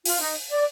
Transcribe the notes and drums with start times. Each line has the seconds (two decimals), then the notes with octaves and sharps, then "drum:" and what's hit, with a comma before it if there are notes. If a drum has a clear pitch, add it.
0.05 F4, drum: open hi-hat
0.21 D#4
0.50 D5